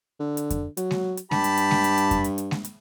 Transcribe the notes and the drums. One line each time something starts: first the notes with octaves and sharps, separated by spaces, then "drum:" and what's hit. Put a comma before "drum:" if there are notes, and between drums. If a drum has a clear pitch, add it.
D3
drum: hi-hat
drum: kick F2, hi-hat
F#3, drum: hi-hat
drum: snare G#3
drum: hi-hat
G2 G4 A5 B5, drum: snare G#3
drum: hi-hat
drum: hi-hat
drum: snare G#3
drum: hi-hat
drum: hi-hat
drum: kick F2, hi-hat
drum: hi-hat
drum: hi-hat
drum: snare G#3
drum: hi-hat